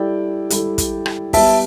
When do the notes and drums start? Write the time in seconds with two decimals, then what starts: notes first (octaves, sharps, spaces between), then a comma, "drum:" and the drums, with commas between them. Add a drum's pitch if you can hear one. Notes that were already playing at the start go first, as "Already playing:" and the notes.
Already playing: G3 E4 A4 D5 G5
0.50 G3 E4 A4, drum: hi-hat
0.78 drum: kick, hi-hat
1.06 drum: rim click
1.33 G3 B3 G4 B4 E5 A5, drum: kick, open hi-hat